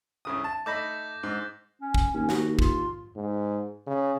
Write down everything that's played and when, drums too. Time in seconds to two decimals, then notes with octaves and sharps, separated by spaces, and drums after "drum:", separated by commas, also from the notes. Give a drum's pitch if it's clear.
0.25 C2 C#3 D#6
0.44 A5
0.66 A3 D#4 B5 D6 G6 A#6
1.23 G#2
1.81 C#4
1.94 drum: kick
2.14 D#2 C#4
2.29 F#4, drum: snare
2.59 F4, drum: kick
3.16 G#2
3.86 C#3